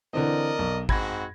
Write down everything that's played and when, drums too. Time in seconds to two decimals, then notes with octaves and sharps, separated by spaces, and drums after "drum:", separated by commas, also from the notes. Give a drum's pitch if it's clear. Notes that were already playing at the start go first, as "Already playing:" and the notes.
0.13 D3 E3 C4 A#4 D5 D#5
0.59 B1
0.89 G#2 C4 F#4 B5 G#6 A#6, drum: kick